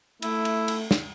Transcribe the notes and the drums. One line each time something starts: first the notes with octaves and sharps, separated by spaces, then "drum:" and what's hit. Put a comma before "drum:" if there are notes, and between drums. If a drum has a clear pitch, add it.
A3 E4, drum: cymbal
drum: cymbal
drum: cymbal
drum: snare